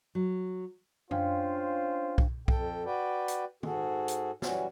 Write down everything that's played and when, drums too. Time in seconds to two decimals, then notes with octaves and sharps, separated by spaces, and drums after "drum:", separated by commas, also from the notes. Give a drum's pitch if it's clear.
0.15 F#3
1.11 C#4 D4 F4 C5 F5 G5, drum: tom F#2
2.18 drum: kick B1
2.48 F2 A4 G5, drum: kick B1
2.85 F#4 B4 D5 G5
3.28 drum: hi-hat
3.63 G#2 F#4 G#4 A4, drum: tom
4.08 drum: hi-hat
4.42 E3 F#3 G3 C#4 F#4, drum: snare